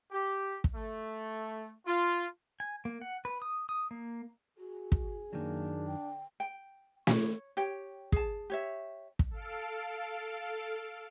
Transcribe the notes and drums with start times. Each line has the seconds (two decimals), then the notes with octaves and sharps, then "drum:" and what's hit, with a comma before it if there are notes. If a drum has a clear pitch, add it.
0.12 G4
0.64 drum: kick
0.74 A3
1.85 F4
2.60 G#5
2.85 A#3
3.02 F#5
3.25 B4
3.42 D#6
3.69 D#6
3.91 A#3
4.58 F#4 G#4
4.92 drum: kick
5.33 F#2 D#3 F#3 A#3 D4
5.87 D3 G5
6.40 G5
7.07 C#5, drum: snare
7.57 G4 C#5 G5
8.12 G#4 A5, drum: kick
8.50 G4 C#5 E5
9.19 drum: kick
9.31 A4 F5 D7